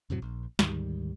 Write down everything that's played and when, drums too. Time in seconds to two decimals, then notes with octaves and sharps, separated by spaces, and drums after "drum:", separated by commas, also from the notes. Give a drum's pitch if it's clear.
0.10 F2 A2 C3 F#3
0.22 A#1
0.59 D2 G#2 D#3 G3, drum: snare